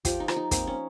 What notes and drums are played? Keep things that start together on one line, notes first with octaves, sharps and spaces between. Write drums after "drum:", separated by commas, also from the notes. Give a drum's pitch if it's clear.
F3 G4, drum: kick, hi-hat
D#4
F3, drum: rim click
D#4
A#3 C4, drum: kick, hi-hat
C#4